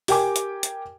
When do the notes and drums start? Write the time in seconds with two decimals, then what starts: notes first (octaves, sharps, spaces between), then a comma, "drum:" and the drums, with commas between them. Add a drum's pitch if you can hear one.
0.08 G4 A#4 G5 G#5 D6, drum: open hi-hat
0.36 drum: hi-hat
0.63 drum: hi-hat